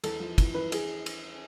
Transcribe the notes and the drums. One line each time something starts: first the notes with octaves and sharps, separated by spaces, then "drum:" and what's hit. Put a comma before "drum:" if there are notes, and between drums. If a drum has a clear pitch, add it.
E2 A4, drum: cymbal
F3
E3, drum: kick, cymbal
E3 B4
G#4, drum: cymbal
drum: cymbal